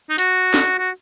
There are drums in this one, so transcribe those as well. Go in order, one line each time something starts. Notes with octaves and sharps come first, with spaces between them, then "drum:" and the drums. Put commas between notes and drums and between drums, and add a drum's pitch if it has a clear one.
D#4
F#4, drum: hi-hat
drum: snare
F#4